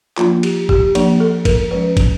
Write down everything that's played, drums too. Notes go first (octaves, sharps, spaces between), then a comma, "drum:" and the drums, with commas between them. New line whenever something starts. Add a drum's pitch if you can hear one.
F3 A#3 D4 F4, drum: clap
G4, drum: cymbal
G4, drum: kick
F3 A#3 D4, drum: cymbal
A4
A#4, drum: kick, cymbal
F3 G#3 C#4 B4
drum: kick, cymbal